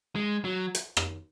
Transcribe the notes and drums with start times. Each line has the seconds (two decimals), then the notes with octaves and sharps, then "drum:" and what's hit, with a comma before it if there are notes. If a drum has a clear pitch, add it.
0.16 G#3
0.45 F#3
0.75 drum: hi-hat
0.97 drum: rim click